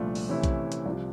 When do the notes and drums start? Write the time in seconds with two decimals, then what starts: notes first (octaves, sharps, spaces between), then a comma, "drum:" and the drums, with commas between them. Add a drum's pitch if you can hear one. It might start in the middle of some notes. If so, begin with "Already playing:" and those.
Already playing: C2 A#2 F3 A3 D4
0.15 drum: open hi-hat
0.29 C3 E3 A3 C#4 E4
0.43 drum: kick B1, hi-hat
0.72 drum: hi-hat
0.86 C2 C3 F3